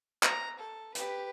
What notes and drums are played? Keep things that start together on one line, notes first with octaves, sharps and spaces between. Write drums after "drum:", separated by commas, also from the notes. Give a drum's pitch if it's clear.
A#5, drum: clap
A4
G4 B4, drum: hi-hat